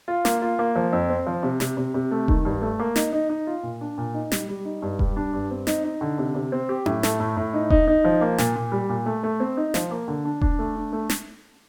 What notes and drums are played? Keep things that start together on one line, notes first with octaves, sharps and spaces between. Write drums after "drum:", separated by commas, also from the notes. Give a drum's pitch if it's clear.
F4
A#3, drum: snare
F4
A#3
F3
F2
C4
F3
C3
C3, drum: snare
C3
C3
A3
D#3, drum: kick E1
G2
A3
A#3
D#4, drum: snare
D#4
D#4
F4
A#2
D4
A#2
D#4
G3, drum: snare
G3
D#4
G2
G3, drum: kick E1
D4
G2
C4
D#4, drum: snare
D#4
D3
C3
C3
C4
G4
A2, drum: tom C#4
A3, drum: snare
A2
A2
D#4
D#4, drum: kick E1
D#4
F3
A#3
A#2, drum: snare
A#2
G3
A#2
A3
A3
C4
D#4
F3, drum: snare
A#3
D3
D4
D4, drum: kick E1
A3
D4
A3
drum: snare